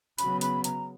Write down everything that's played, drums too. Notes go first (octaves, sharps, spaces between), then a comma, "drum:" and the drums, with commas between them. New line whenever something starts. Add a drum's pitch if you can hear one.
C#3 F#3 B3 B5, drum: hi-hat
B5, drum: hi-hat
A#5, drum: hi-hat